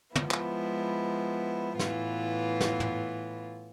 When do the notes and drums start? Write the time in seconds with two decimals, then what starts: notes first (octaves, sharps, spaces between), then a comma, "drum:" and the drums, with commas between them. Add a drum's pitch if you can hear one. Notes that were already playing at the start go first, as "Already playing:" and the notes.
0.15 F3 G#3 B3 E4, drum: tom
0.31 drum: clap
1.79 A2 E3 B3 F4, drum: snare
2.61 drum: snare
2.80 drum: tom